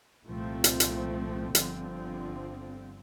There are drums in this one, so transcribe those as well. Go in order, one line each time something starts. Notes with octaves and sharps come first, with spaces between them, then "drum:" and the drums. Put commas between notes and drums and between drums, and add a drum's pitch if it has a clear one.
C2 A#2 F3 A3 C4
drum: hi-hat
drum: hi-hat
G1 G2 D3 F3 C4, drum: hi-hat